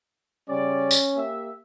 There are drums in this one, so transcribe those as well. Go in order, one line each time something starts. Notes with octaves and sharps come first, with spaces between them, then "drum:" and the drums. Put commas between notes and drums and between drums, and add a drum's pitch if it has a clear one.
C#3 G3 C#4 D5
drum: tambourine
A#3 G4 E5